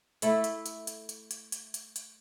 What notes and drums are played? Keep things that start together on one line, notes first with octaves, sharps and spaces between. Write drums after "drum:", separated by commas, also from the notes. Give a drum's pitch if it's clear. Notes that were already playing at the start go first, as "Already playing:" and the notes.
A3 E4 A4, drum: hi-hat
drum: hi-hat
drum: hi-hat
drum: hi-hat
drum: hi-hat
drum: hi-hat
drum: hi-hat
drum: hi-hat
drum: hi-hat